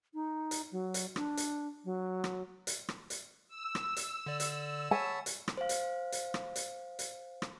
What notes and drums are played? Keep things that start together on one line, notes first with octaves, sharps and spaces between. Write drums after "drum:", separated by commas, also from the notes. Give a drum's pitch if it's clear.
D#4
drum: hi-hat
F#3
drum: hi-hat
D4, drum: rim click
drum: hi-hat
F#3
drum: rim click
drum: hi-hat
drum: rim click
drum: hi-hat
E6
drum: rim click
drum: hi-hat
D3 D5
drum: hi-hat
C#5 F#5 G#5 A5 B5
drum: hi-hat
drum: rim click
C5 F5
drum: hi-hat
drum: hi-hat
drum: rim click
drum: hi-hat
drum: hi-hat
drum: rim click